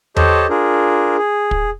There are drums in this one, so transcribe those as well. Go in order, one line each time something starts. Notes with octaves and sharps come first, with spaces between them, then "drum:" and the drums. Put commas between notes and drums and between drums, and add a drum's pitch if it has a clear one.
G4 A4 C5 C#5 D#5 A5, drum: tom E2
D4 F4 G#4 A#4
G#4
drum: kick